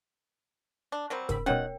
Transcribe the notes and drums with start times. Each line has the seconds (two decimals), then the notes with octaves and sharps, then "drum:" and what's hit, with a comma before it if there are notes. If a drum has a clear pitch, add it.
0.92 D4
1.10 F#3 G3 C4 A#4
1.29 G#2 C#3 A#4 B5, drum: kick, hi-hat
1.46 B2 D#3 G3 C#4 A#4 C#5 F#5 G5